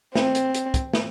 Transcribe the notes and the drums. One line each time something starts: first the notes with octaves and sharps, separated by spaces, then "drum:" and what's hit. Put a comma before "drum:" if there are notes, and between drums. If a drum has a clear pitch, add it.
C4, drum: snare
drum: hi-hat
drum: hi-hat
drum: kick, hi-hat
drum: snare